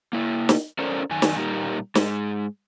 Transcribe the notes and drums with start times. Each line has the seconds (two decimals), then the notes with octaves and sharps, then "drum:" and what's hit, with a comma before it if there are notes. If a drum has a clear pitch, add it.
0.13 A#3 E4
0.49 drum: snare
0.79 C#4 A4 A#4 C5 D5
1.11 F#2 D#3 G#5
1.22 drum: snare
1.35 A#2 G3 D#4 F4 G4 A#4
1.95 G#2 G#3, drum: snare